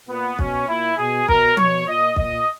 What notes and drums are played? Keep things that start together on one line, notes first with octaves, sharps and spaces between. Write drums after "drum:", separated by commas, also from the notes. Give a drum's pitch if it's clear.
A#2 B3
B2 C#4, drum: kick
A#2 E4
B2 G#4
B2 A#4, drum: kick
B2 C#5, drum: tom F3
A#2 D#5
A#2 D#5, drum: kick